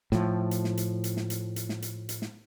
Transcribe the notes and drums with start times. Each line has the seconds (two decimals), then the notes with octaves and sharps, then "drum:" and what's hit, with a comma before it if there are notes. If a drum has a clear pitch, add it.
0.12 A2 F3, drum: snare
0.51 drum: hi-hat
0.64 drum: snare
0.77 drum: hi-hat
1.04 drum: hi-hat
1.17 drum: snare
1.30 drum: hi-hat
1.56 drum: hi-hat
1.69 drum: snare
1.82 drum: hi-hat
2.09 drum: hi-hat
2.22 drum: snare